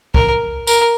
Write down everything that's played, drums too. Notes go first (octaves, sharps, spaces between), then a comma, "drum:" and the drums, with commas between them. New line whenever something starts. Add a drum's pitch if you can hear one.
A#4, drum: kick
A#4, drum: tambourine